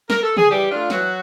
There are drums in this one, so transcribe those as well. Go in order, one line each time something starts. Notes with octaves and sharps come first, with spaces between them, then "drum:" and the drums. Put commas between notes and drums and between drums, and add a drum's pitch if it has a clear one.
A#4, drum: snare
A4
G#4, drum: tom C#3
E3 G3 G4
A3 D4 F4
E3 F#3 F#4, drum: snare